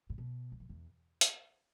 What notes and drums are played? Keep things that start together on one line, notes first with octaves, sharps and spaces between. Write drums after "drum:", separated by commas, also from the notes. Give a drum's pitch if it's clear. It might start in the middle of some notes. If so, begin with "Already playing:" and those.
A2
B2
E2
F#2
E2
drum: hi-hat